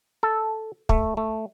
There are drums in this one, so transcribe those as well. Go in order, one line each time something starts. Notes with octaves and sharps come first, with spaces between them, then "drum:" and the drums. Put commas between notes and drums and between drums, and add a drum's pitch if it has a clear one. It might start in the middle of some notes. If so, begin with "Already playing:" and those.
A4
A3, drum: kick
A3